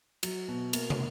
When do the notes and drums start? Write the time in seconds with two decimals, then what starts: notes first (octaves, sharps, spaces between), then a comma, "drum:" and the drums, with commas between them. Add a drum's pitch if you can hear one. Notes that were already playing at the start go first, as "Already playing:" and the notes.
0.23 F#3, drum: cymbal
0.48 B2
0.73 A#3, drum: cymbal
0.90 drum: tom